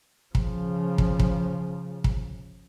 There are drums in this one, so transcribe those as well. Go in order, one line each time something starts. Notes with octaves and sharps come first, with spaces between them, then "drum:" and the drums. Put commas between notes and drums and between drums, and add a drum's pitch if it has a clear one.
C#3 F3, drum: kick
drum: kick
drum: kick
drum: kick